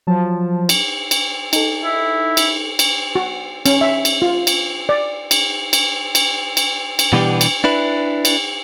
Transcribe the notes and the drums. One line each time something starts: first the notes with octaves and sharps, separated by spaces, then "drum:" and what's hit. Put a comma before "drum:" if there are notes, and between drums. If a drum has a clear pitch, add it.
F3 F#3 A5
drum: cymbal
drum: cymbal
D#4 A4, drum: cymbal
E4
drum: cymbal
drum: cymbal
F#4
C#4, drum: cymbal
E5
drum: cymbal
F4
drum: cymbal
D5
drum: cymbal
drum: cymbal
drum: cymbal
drum: cymbal
drum: cymbal
B2 E3 G3 B3 D4 G4
drum: cymbal
D4 E4 B4
drum: cymbal